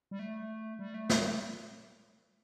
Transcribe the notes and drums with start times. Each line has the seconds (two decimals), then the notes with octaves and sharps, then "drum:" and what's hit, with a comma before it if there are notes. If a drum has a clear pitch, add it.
0.11 G3
0.19 A3
0.79 G3
0.94 A3
1.09 B3, drum: snare
1.20 G3